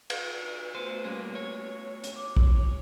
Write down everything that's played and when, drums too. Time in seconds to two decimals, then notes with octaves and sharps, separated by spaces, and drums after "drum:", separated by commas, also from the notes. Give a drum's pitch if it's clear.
0.10 B4, drum: cymbal
0.75 A3 B3 F#4 C5
1.05 G3 A#3 C#4
1.35 C#5
2.04 drum: hi-hat
2.16 D6
2.37 drum: kick B1